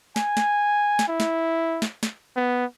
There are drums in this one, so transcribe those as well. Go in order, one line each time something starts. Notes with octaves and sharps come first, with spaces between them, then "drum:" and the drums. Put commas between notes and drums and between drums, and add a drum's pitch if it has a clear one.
G#5, drum: snare
drum: snare
drum: snare
E4
drum: snare
drum: snare
drum: snare
B3